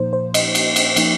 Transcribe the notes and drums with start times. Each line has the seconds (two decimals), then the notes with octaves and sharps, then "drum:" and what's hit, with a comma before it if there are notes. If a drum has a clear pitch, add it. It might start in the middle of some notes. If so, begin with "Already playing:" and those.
Already playing: A#2 F3 A#3 D#4 C5
0.13 C5
0.34 D#5, drum: cymbal
0.55 drum: cymbal
0.76 drum: cymbal
0.96 F3 A#3 D#4, drum: cymbal